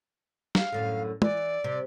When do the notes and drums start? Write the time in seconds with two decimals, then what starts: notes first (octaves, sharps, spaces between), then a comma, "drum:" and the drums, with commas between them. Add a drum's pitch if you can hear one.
0.55 F5, drum: snare
0.72 F#2 A2 D3
1.22 E3 D5, drum: tom
1.64 C3